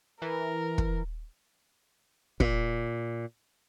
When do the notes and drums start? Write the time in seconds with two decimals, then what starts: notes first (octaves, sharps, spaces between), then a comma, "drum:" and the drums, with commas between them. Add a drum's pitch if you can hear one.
0.22 E3 A#4
0.78 drum: kick
2.40 A#2, drum: kick